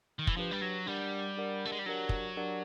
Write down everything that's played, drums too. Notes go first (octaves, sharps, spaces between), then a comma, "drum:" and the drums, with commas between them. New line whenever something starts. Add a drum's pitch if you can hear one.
D#3
E3, drum: kick
F3 D4 G4 B4
G3
F#3
G3 D4 G4 A#4 D5 F#5
D4 G4 A#4 D5 F#5
A3
G#3
G3
F#3 D4 G4 A#4 D5 F#5
drum: kick
D4 G4 A#4 D5 F#5